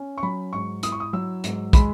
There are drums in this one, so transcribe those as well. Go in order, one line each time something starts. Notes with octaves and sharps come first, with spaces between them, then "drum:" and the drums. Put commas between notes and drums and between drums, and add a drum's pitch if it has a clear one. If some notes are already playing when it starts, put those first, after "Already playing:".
Already playing: C#4
C#6
F#3 B5
G#2 C#6
E4 D#6, drum: hi-hat
C#6
D#6
F#3 E6
G#2, drum: hi-hat
G#3 B5, drum: kick, hi-hat